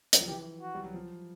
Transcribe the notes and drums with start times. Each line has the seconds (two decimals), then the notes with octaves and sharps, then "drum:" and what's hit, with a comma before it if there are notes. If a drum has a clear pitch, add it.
0.13 F#3, drum: hi-hat
0.21 F3
0.28 E3 G4
0.61 F#4
0.75 G3
0.84 F#3
0.94 F3